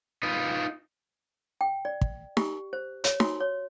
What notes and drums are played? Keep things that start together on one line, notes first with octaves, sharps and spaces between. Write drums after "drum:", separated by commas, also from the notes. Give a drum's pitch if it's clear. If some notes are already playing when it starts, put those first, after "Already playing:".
D#4 F4 B4
G5
D5
drum: kick
G4, drum: snare D#4
C5
C#5, drum: hi-hat
F#4, drum: snare D#4
C#5